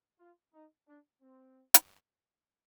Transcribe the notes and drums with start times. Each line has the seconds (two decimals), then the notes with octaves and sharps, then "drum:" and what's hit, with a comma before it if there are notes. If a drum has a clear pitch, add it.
0.19 F4
0.54 D#4
0.88 D4
1.22 C4
1.74 drum: hi-hat